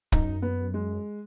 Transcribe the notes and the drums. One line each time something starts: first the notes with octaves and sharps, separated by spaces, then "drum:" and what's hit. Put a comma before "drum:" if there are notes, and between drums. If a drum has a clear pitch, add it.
F#2 D#4, drum: kick
B3
G#3